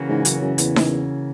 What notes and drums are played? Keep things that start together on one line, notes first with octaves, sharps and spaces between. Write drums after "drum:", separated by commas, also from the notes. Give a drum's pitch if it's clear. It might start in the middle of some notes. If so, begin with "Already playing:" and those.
Already playing: C#3 E3 A#3 C#4 F#4
G#2
F#2, drum: hi-hat
F#2
E2, drum: hi-hat
drum: snare D#4